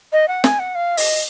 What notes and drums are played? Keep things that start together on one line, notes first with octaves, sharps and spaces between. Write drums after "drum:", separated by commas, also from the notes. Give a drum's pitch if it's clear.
D#5
F#5
G#5, drum: snare
F#5
F5
D#5, drum: open hi-hat